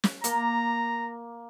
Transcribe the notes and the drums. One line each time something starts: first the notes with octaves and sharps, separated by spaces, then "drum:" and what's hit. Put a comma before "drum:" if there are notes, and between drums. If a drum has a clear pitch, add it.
drum: snare
A#3 A#5, drum: hi-hat